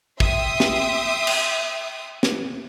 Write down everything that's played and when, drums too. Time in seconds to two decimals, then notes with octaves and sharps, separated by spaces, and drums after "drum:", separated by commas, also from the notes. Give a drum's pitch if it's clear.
0.20 E5 G5 C6 D#6, drum: kick
0.60 drum: snare
1.27 drum: cymbal
2.23 drum: snare